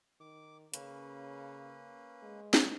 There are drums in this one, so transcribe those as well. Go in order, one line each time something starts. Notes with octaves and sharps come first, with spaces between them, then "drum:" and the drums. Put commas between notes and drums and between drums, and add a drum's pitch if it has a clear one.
D#3 D6
C#3 A#3 C#4 B4, drum: hi-hat
G#3
drum: snare